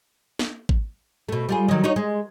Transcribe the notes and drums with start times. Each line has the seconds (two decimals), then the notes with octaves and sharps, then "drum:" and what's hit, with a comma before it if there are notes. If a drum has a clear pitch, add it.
0.39 drum: snare
0.69 drum: kick G#1
1.29 B2 A3
1.49 G3 F4 G#4
1.69 D#3 F#3
1.84 D#4 F#4 C#5
1.96 G#3